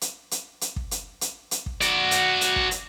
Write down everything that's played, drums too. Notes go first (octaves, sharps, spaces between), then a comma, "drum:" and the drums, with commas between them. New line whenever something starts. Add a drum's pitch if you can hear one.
drum: hi-hat
drum: hi-hat
drum: hi-hat
drum: kick
drum: hi-hat
drum: hi-hat
drum: hi-hat
drum: kick
F#4 D5, drum: hi-hat
drum: hi-hat
drum: hi-hat
drum: kick
drum: hi-hat